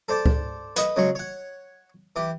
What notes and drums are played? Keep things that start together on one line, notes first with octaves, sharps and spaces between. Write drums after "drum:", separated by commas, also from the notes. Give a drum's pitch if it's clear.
A4 C5 D5 A5
drum: kick C#2
B4 D#5, drum: hi-hat
C#3 F#3 G#3 C#6
C#5 F#5
E3 G4